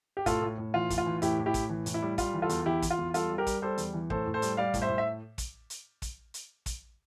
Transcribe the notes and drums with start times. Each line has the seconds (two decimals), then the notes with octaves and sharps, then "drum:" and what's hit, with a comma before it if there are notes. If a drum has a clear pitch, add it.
0.17 G4
0.26 A2 F4 A4, drum: kick, hi-hat
0.42 A2
0.58 A2
0.74 E3 F4
0.90 A2, drum: kick, hi-hat
0.98 F4
1.06 E3
1.22 A2 E4 G4, drum: hi-hat
1.39 A2
1.46 E4 G4
1.54 A2, drum: kick, hi-hat
1.70 E3
1.86 A2, drum: hi-hat
1.94 E4
2.02 G3
2.18 G3 F4, drum: kick, hi-hat
2.34 E3
2.42 F4 A4
2.49 E2, drum: hi-hat
2.66 E3 E4 G4
2.82 E3, drum: kick, hi-hat
2.90 F4
2.99 E2
3.14 G3 F4 A4, drum: hi-hat
3.30 G3
3.38 G4 A#4
3.47 G3, drum: kick, hi-hat
3.62 G3 A4 C5
3.78 E2, drum: hi-hat
3.94 E3
4.10 A2 A4 C5, drum: kick
4.26 A2
4.34 A4 C5
4.42 G3, drum: hi-hat
4.57 G3 D5 F5
4.74 A2, drum: kick, hi-hat
4.82 C5 E5
4.89 A2
4.98 E5
5.38 drum: kick, hi-hat
5.70 drum: hi-hat
6.02 drum: kick, hi-hat
6.34 drum: hi-hat
6.66 drum: kick, hi-hat